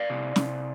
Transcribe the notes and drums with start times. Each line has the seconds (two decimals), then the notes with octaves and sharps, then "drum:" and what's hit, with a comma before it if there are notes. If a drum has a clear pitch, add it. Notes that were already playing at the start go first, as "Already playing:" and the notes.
Already playing: D5 F5
0.10 C3
0.36 C3, drum: snare